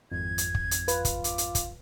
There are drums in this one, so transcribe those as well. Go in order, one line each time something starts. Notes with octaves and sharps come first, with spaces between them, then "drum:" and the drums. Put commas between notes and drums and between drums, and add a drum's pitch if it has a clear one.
G#1 F2 G#6
drum: hi-hat
drum: kick
drum: hi-hat
F4 B4, drum: hi-hat
drum: kick, hi-hat
D6, drum: hi-hat
drum: hi-hat
drum: kick, hi-hat